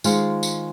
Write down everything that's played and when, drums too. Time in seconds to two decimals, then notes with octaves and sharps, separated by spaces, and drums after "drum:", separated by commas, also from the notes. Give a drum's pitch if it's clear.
0.04 D#3 G#3 F4 C5 F5, drum: tambourine
0.43 drum: tambourine